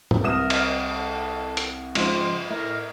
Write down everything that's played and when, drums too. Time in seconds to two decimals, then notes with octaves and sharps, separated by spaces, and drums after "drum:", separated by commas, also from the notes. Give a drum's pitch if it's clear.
0.11 drum: tom G#2
0.24 C2 A#4 B4 E5 D#6 E7
0.50 drum: cymbal
0.85 A4
1.57 drum: hi-hat
1.95 G#2 C#3 F3 C6, drum: cymbal
2.50 A2 A#4 E5